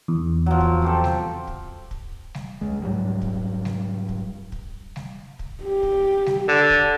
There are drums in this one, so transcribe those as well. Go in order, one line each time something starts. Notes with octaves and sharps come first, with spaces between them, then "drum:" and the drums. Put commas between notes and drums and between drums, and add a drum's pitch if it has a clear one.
E2
F3 F#3
drum: kick
C4 G4 A4
drum: snare G3
drum: kick
drum: kick
drum: snare G3
C#2 G#3
G#2 F#3 G3
drum: kick
drum: snare G3
drum: kick
drum: kick
drum: snare G3
drum: kick
G4
drum: kick
drum: snare G3
D3
drum: kick